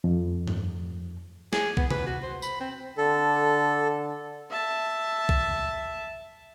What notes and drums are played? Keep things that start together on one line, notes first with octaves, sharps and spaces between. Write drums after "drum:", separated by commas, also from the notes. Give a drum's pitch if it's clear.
F2
drum: tom
G#4, drum: snare
B3, drum: kick B1
B4, drum: tom
F#4
C5
B5, drum: tambourine
C4
D3 A4
E5 A5
drum: kick B1